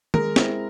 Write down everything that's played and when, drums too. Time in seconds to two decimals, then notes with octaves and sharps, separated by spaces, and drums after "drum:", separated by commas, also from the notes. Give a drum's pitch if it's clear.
0.14 G#3 A#4, drum: tom D#3
0.36 C4 E4, drum: snare